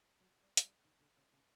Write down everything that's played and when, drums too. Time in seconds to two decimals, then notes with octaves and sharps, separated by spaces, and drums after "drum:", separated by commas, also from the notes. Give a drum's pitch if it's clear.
0.20 F#3
0.42 G3
0.57 G#3, drum: hi-hat
0.64 G3
0.84 D#3
1.00 D3
1.17 C#3
1.33 C#3